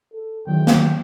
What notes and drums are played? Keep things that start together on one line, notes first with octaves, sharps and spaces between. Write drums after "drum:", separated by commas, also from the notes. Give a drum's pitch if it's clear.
A4
E2 D#3 F#3 G5
drum: snare